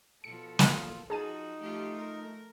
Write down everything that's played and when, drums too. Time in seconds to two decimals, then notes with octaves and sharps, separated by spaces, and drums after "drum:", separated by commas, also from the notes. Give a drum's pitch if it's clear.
0.24 B2 F3 A4 C#7
0.59 F4, drum: snare
1.10 F3 D#4 F#4 G#4 A5 D#7
1.62 F3 A3 F4 G4
1.98 A#4